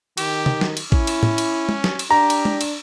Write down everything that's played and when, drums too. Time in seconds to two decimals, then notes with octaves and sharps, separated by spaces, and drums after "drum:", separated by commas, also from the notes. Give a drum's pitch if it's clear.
0.17 D#3 G4, drum: cymbal
0.46 drum: tom
0.61 drum: snare
0.77 drum: cymbal
0.92 C#4 E4, drum: kick A1
1.07 drum: cymbal
1.23 drum: tom
1.38 drum: cymbal
1.69 drum: tom
1.84 drum: snare
1.99 drum: cymbal
2.11 D4 G4 A#5
2.30 drum: cymbal
2.45 drum: tom
2.61 drum: cymbal